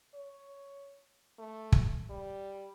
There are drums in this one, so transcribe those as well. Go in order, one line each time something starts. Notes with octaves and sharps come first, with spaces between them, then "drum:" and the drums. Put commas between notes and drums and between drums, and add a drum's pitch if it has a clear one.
C#5
A3
drum: kick
G3